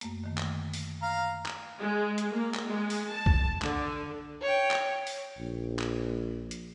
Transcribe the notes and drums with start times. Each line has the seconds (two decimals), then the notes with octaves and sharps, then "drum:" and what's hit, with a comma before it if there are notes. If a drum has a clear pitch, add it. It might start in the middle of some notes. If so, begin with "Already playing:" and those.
0.01 F#2 A3 A#3, drum: hi-hat
0.24 D3 D#3 A3
0.37 drum: clap
0.74 drum: open hi-hat
1.02 F5 A#5
1.46 drum: clap
1.79 G#3
2.18 drum: hi-hat
2.33 A#3
2.54 drum: clap
2.65 G#3
2.90 drum: open hi-hat
3.09 A5
3.26 drum: kick
3.62 D3, drum: clap
4.41 C#5 G5
4.71 drum: clap
5.07 drum: open hi-hat
5.38 A#1
5.79 drum: clap
6.51 drum: hi-hat